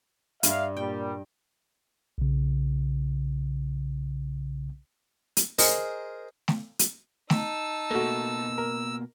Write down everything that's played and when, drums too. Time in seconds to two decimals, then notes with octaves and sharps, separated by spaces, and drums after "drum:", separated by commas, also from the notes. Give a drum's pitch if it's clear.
0.43 G2 E5 F5, drum: hi-hat
0.76 A#2 G3 G5
2.18 B1 C#3
5.37 drum: hi-hat
5.58 G#4 A#4 C5 D#5, drum: open hi-hat
6.48 drum: snare A3
6.79 drum: hi-hat
7.30 D#4 A5 E6, drum: snare A3
7.91 B2 A3 A#3 F#4
8.58 A#4